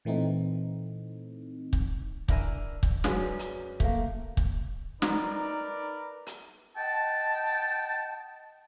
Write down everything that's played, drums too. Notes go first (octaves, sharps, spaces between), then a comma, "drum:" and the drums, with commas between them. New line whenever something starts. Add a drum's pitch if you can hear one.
A#2 E3 A3 C4 D#4
drum: kick
D4 E4 A#4 G#5, drum: kick
drum: kick
F#2 C#4 G#4 B4 D5, drum: snare
drum: hi-hat
A3 A#3, drum: kick
drum: kick
D#4 A#4 B4 D5, drum: snare
drum: hi-hat
D#5 F#5 G5 A5